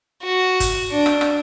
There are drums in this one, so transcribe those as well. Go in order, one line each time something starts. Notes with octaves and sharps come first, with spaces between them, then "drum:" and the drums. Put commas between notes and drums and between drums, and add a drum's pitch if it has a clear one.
F#4
drum: kick G1, hi-hat
D4
drum: rim click
drum: rim click